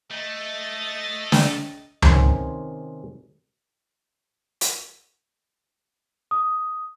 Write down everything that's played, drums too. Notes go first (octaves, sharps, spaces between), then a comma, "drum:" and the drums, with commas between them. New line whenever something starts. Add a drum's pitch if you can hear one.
A3 D#5 A6
drum: snare
C3 D#3 C#4 C5 G#5, drum: tom C#2
drum: hi-hat
D#6